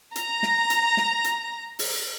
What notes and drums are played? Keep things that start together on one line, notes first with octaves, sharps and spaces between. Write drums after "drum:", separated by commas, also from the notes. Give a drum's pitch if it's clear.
A#5 A#6, drum: hi-hat
drum: snare
drum: hi-hat
drum: snare
drum: hi-hat
drum: open hi-hat